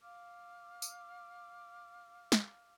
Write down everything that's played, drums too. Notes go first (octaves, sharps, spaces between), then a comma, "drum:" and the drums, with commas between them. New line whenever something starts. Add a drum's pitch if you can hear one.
F5 D6 F6
drum: tambourine
drum: snare